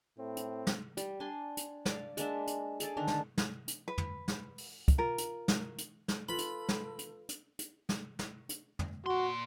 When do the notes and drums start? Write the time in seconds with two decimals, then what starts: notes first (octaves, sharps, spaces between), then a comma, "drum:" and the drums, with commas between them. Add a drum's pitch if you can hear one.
0.19 A2 C4
0.37 drum: hi-hat
0.67 drum: snare
0.97 G3, drum: hi-hat
1.20 D4 G#5 C6
1.57 drum: hi-hat
1.85 D5 F5, drum: snare
2.17 G#3 A#3 D4 E5, drum: hi-hat
2.47 drum: hi-hat
2.80 G#4 A4 D5, drum: hi-hat
2.97 D3 D#3 D4
3.07 drum: snare
3.37 drum: snare
3.68 drum: hi-hat
3.88 B4
3.98 drum: tom
4.28 drum: snare
4.58 drum: open hi-hat
4.88 drum: kick, hi-hat
4.98 F4 A#4
5.18 drum: hi-hat
5.48 drum: snare
5.78 drum: hi-hat
6.08 drum: snare
6.29 F4 A4 B4 B5
6.38 drum: hi-hat
6.68 drum: snare
6.99 drum: hi-hat
7.29 drum: hi-hat
7.59 drum: hi-hat
7.89 drum: snare
8.19 drum: snare
8.49 drum: hi-hat
8.79 drum: tom
9.06 A#2 F#4 C6